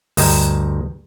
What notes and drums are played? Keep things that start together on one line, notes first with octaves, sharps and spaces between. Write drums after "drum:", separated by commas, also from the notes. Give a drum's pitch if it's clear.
D2 G2 D#5 G5 G#5 A#5, drum: open hi-hat